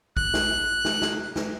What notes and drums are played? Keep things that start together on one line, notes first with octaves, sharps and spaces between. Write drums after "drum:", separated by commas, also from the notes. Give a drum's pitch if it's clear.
F#6, drum: kick A#1
drum: snare
drum: snare
drum: snare
drum: snare